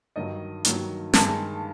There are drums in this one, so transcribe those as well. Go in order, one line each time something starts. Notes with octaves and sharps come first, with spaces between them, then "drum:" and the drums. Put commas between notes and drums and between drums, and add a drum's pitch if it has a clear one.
G2 D#3 F#3 D#5
G2 D#3 F#3, drum: hi-hat
G2 D#3 G#3 A5, drum: snare